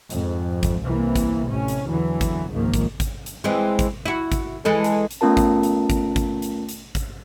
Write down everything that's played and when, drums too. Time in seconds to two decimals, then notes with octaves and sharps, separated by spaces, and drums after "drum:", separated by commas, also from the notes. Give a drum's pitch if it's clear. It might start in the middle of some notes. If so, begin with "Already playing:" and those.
0.10 F2 G#2, drum: hi-hat
0.63 drum: kick, hi-hat
0.84 C2 C3 E3 A#3
1.16 drum: kick, hi-hat
1.48 A1 A2 C3 C#4
1.68 drum: hi-hat
1.89 E2 D3 E3 F#3
2.21 drum: kick, hi-hat
2.50 G#1 C#2 G#2 D#3 F3 A#3
2.74 drum: kick, hi-hat
3.00 drum: kick, hi-hat
3.26 drum: hi-hat
3.44 E3 G#3 C4
3.79 drum: kick, hi-hat
4.06 E4 F#4
4.32 drum: kick, hi-hat
4.65 E3 G#3 A4
4.84 drum: hi-hat
5.11 drum: hi-hat
5.21 A3 B3 C#4 F4 A#4 A5
5.37 drum: kick, hi-hat
5.63 drum: hi-hat
5.90 drum: kick, hi-hat
6.16 drum: kick, hi-hat
6.42 drum: hi-hat
6.69 drum: hi-hat
6.95 drum: kick, hi-hat